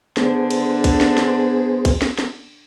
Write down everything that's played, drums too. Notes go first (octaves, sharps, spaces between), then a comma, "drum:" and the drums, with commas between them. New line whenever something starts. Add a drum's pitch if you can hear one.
D3 B3 D4 G#4 C5, drum: snare
drum: cymbal
drum: kick, cymbal
drum: snare
drum: snare
drum: kick, cymbal
drum: snare
drum: snare